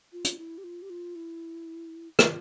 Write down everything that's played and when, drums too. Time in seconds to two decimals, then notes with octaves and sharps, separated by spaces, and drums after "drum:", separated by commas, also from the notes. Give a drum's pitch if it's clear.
0.13 F4
0.25 drum: hi-hat
0.38 E4
0.58 G4
0.64 F4
0.82 G4
0.90 F4
1.15 E4
2.19 F4, drum: rim click